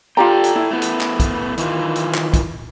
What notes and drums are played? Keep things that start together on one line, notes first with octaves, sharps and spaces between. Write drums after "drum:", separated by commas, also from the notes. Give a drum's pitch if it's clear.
F4 G4 A4 D5 G5 A#5
drum: hi-hat
E4
A3 B3
drum: hi-hat
drum: clap
drum: kick, hi-hat
D#3 E3 F4, drum: hi-hat
drum: hi-hat
drum: clap
drum: kick, hi-hat